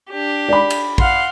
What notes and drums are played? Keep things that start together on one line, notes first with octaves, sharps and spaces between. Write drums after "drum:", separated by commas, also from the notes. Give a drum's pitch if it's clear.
D4 G4
D5 B5
drum: cymbal
F5 F#5 C6, drum: kick